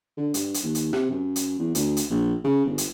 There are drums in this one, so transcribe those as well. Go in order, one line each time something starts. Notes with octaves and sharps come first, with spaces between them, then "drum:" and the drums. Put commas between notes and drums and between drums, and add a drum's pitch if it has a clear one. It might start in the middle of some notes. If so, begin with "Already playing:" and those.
D3
G2, drum: hi-hat
drum: hi-hat
D#2
drum: hi-hat
C3, drum: rim click
F#2
drum: hi-hat
E2
D2, drum: hi-hat
drum: hi-hat
A#1
C#3
G1
drum: hi-hat